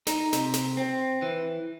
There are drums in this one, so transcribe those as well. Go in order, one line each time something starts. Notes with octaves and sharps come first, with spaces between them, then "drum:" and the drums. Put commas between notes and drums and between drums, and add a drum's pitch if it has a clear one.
D#4, drum: snare
C3, drum: snare
drum: snare
C4
E3